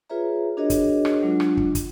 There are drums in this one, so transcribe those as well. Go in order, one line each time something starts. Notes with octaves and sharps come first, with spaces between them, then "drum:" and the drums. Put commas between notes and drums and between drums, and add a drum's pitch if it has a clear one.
F4 G#4 B4 C#5 E5 A#5
D4 F#4 G#4 A#4 C#5 D#5
drum: kick, hi-hat
drum: rim click
F#3 G#3 D4 F4
drum: rim click
drum: kick
drum: kick, hi-hat